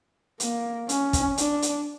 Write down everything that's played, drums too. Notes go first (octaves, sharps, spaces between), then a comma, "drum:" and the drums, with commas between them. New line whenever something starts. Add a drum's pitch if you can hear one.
A#3, drum: hi-hat
C#4, drum: hi-hat
drum: kick, hi-hat
D4, drum: hi-hat
drum: hi-hat